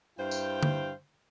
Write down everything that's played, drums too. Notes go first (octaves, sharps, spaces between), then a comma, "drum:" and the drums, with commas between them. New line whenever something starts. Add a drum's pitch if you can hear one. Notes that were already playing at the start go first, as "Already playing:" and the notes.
G2 E4 C5 F5 G5
drum: tambourine
drum: tom D3